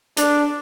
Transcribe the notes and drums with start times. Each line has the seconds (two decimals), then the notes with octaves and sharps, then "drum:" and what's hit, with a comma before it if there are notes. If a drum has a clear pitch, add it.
0.17 D4, drum: hi-hat